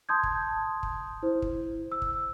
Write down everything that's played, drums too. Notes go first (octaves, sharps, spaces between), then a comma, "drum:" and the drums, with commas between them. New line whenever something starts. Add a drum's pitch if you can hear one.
A5 C6 D#6 G6 G#6
drum: kick
drum: kick
E4 C5
drum: kick
E6
drum: kick